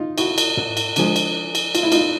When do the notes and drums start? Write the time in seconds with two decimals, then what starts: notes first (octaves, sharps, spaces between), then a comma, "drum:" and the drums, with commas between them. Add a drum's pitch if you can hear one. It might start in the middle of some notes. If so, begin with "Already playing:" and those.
Already playing: D#4 F4
0.18 E4 F#4, drum: cymbal
0.38 drum: cymbal
0.57 drum: tom
0.77 drum: cymbal
0.96 D3 F3 G#3, drum: cymbal
1.16 drum: cymbal
1.55 drum: cymbal
1.75 F4, drum: cymbal
1.83 E4
1.92 D#4 F4, drum: cymbal